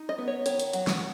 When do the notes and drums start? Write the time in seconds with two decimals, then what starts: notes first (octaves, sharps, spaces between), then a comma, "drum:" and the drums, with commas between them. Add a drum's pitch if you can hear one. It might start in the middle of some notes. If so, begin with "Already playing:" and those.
Already playing: D#4
0.09 D#5
0.18 B3
0.28 C#5
0.46 D#3 C#5, drum: hi-hat
0.60 drum: hi-hat
0.73 F#3, drum: hi-hat
0.87 drum: snare